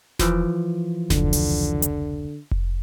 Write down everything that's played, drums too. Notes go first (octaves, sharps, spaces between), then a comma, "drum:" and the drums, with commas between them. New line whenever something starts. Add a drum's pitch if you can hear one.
E3 F3 F4, drum: snare E1
F1 C#2 D3, drum: snare E1
drum: open hi-hat
drum: hi-hat
drum: kick F1